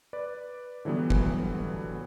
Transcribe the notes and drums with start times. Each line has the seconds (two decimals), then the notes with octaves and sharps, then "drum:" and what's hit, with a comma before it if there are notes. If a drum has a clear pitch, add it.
0.13 B4 D5
0.85 D3 E3 F#3 G3 B3
1.10 drum: kick